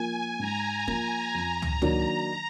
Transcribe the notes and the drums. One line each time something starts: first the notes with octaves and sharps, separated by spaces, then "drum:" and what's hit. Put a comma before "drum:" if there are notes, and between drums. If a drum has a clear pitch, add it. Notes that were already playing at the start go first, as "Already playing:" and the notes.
Already playing: F3 A#3 G#5
G#2 A#5
F3 A#3, drum: kick
F2 A#5
drum: tom
D#3 F#3 A#3 D4, drum: tom